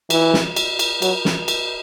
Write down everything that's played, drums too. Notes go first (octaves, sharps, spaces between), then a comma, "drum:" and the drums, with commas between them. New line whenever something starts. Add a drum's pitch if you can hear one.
E3, drum: cymbal
drum: snare
drum: cymbal
drum: cymbal
F#3, drum: cymbal
drum: snare
drum: cymbal